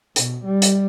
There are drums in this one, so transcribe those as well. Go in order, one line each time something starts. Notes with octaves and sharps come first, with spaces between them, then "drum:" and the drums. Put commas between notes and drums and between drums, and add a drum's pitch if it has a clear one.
B2, drum: hi-hat
G3
drum: hi-hat